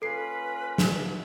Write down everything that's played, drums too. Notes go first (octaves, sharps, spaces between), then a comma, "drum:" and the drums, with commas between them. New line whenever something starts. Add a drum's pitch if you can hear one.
A#3 C#4 F4 A4 B4 C7
drum: snare